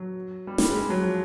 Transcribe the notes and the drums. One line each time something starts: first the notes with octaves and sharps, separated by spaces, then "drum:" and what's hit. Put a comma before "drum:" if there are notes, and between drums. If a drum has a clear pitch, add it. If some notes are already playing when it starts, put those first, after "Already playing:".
Already playing: F#3
G3
G3, drum: snare
G#3
G#3
F#3
F3